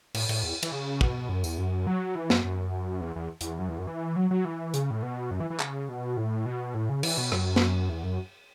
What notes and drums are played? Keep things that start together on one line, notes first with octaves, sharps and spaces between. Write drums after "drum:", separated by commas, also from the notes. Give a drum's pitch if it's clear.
A2, drum: cymbal
A2, drum: cymbal
E2
E3, drum: cymbal
C#3
B2, drum: kick
F#2
E2, drum: tambourine
F#2
F#3
E3
F#2, drum: snare
F#2
E2
E2
E2, drum: hi-hat
F#2
E2
F#2
E3
F#3
F#3
E3
C#3, drum: hi-hat
A2
B2
F#2
E3
E3
C#3, drum: clap
B2
A2
B2
A2
C#3
E3, drum: cymbal
B2
F#2, drum: rim click
drum: snare
E2
F#2